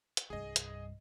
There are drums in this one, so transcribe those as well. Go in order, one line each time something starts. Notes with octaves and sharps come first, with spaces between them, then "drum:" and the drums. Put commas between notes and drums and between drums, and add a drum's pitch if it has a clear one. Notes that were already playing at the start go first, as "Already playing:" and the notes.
drum: hi-hat
C2 G2 G#4 D#5
drum: hi-hat